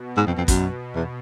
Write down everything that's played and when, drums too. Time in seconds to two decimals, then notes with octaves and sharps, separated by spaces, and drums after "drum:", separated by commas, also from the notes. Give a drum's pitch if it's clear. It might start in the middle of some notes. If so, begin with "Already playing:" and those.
Already playing: B2
0.17 G#2
0.27 F2
0.38 F2
0.48 F#2 B2, drum: kick, hi-hat
0.95 E2